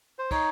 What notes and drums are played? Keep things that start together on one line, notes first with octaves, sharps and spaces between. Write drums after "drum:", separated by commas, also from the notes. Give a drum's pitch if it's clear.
C5
D#4 C#5, drum: kick, cymbal